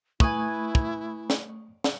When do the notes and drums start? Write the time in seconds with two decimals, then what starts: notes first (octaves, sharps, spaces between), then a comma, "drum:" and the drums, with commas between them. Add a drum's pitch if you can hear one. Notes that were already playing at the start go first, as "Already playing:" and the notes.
0.20 A3 E4 B4 G#5 C#6 D#6, drum: kick
0.75 drum: kick
1.30 drum: snare
1.84 drum: snare